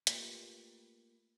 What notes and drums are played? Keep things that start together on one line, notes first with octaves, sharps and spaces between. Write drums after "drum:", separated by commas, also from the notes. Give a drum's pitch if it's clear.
A3 A#3 F4 G4 B4, drum: hi-hat